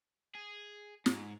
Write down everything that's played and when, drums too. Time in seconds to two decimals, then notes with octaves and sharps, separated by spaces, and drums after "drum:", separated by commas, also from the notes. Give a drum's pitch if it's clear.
0.35 G#4
1.06 G#2, drum: snare